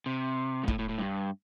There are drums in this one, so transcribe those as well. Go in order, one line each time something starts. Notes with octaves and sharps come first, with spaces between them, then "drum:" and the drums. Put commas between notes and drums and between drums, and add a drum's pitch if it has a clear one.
C3
G#2
A2, drum: kick
A2
A2
G2